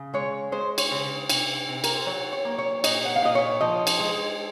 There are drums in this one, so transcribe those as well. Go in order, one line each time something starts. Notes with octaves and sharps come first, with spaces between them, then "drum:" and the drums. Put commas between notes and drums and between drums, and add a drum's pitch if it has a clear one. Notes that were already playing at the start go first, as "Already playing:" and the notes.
Already playing: C#3
G#3 C#5
G#3 C5
C#5, drum: cymbal
C#3
C3, drum: cymbal
C3
A#4, drum: cymbal
C5
F#3 C#5
C#5
A#3
C#5
A#2 D#5, drum: cymbal
F#5
F5
A#2 D#5
C#5
F3 D#5
drum: cymbal
G#3